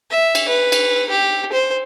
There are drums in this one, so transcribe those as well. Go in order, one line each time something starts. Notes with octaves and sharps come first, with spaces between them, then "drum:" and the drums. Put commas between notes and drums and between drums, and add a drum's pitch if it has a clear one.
E5
drum: cymbal
B4
drum: cymbal
G4
C5